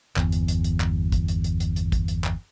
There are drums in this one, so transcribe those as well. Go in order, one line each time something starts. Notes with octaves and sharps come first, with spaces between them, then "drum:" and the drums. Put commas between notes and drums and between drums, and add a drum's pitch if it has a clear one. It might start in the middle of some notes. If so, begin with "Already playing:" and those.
G1 E2, drum: clap
drum: hi-hat
drum: hi-hat
drum: hi-hat
drum: clap
drum: kick, hi-hat
drum: hi-hat
drum: hi-hat
drum: hi-hat
drum: hi-hat
drum: kick, hi-hat
drum: hi-hat
drum: clap